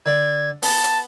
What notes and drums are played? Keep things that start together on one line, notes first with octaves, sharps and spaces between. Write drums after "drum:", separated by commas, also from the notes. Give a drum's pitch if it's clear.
D3 D5 G#6
B3 A5, drum: open hi-hat
drum: hi-hat